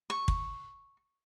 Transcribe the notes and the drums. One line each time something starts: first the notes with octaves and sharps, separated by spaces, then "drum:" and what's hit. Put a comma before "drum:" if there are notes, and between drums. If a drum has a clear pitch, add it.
C#6
drum: kick